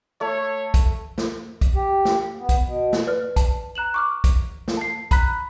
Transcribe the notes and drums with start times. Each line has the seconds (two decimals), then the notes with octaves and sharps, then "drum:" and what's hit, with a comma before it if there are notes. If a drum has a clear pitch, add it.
0.21 A3 C#5
0.74 drum: kick, hi-hat
1.18 drum: snare
1.61 drum: kick, hi-hat
1.75 G4
2.05 drum: snare
2.38 B3
2.49 drum: kick, hi-hat
2.64 B2
2.93 drum: snare
3.07 B4 D5 F6
3.36 A5, drum: kick, hi-hat
3.75 A#5 F#6 E7 F#7
3.94 C#6 D6 F6
4.24 drum: kick, hi-hat
4.68 drum: snare
4.77 A5 C7
5.11 A#5 B5 F#6 B6, drum: kick, hi-hat